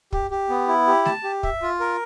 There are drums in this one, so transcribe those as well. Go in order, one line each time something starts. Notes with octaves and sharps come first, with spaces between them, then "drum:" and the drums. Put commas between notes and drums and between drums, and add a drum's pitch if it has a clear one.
G4, drum: kick
G4
B3
E4
G4
A5, drum: snare A3
G4
E5, drum: kick
F4
A#4